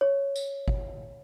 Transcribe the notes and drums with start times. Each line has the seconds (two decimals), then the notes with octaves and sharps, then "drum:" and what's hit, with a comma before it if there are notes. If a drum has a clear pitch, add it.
0.01 C#5
0.36 drum: tambourine
0.68 drum: kick G1